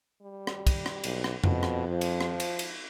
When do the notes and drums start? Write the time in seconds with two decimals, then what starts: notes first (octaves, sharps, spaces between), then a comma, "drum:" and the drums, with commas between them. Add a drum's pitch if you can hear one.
0.22 G3
0.47 drum: rim click
0.67 drum: kick, cymbal
0.86 drum: rim click
1.04 B1, drum: cymbal
1.24 drum: rim click
1.44 F2 B2, drum: tom F2
1.63 drum: rim click
1.88 F3
2.01 drum: cymbal
2.21 drum: rim click
2.40 drum: cymbal
2.59 drum: cymbal